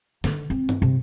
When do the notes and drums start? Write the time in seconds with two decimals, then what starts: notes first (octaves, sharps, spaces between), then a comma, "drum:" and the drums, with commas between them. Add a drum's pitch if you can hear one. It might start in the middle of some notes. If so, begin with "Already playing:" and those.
0.24 D3, drum: snare
0.50 C4
0.69 drum: tom G2
0.82 C3